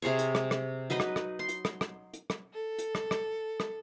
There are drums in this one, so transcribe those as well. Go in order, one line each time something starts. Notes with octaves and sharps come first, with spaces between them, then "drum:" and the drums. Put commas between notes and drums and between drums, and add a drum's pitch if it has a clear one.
C3 G#4 C5 C#5
drum: hi-hat
drum: rim click
drum: rim click
F#3 D#4 B4 D#5
drum: rim click
drum: rim click
C6
drum: hi-hat
drum: rim click
drum: rim click
drum: hi-hat
drum: rim click
A4
drum: hi-hat
drum: rim click
drum: rim click
drum: rim click